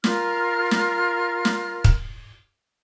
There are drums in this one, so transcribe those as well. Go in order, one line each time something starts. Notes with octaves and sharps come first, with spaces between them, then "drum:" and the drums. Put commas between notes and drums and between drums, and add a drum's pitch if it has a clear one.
F4 A#4 F6, drum: snare
drum: snare
drum: snare
drum: kick